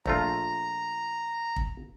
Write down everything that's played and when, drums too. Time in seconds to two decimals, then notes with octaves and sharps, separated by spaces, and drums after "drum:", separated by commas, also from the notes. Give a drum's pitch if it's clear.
0.06 A#1 A3 F4 A#5, drum: kick
1.56 drum: kick